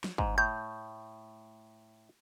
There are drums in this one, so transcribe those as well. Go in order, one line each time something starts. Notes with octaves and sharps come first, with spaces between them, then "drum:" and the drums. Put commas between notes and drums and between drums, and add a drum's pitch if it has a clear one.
drum: snare
G#2, drum: kick
A2 G6